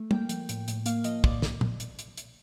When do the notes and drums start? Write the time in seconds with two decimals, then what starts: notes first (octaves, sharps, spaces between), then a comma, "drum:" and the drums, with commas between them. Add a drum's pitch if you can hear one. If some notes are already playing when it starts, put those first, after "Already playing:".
Already playing: A3
0.11 A#3 G5, drum: tom
0.29 F3, drum: hi-hat
0.49 A2, drum: hi-hat
0.68 A2, drum: hi-hat
0.86 A#3 F5, drum: hi-hat
1.04 F3 D#5, drum: hi-hat
1.24 A2 D5, drum: kick
1.42 drum: snare
1.61 drum: tom
1.80 drum: hi-hat
1.99 drum: hi-hat
2.17 drum: hi-hat